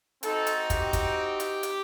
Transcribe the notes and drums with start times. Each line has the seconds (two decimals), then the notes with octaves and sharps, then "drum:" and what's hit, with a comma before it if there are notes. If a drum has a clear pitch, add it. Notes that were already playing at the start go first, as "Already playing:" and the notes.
0.23 C4 D#4 F#4 A4, drum: hi-hat
0.47 drum: hi-hat
0.70 G4, drum: kick, hi-hat
0.93 drum: kick, hi-hat
1.40 drum: hi-hat
1.63 drum: hi-hat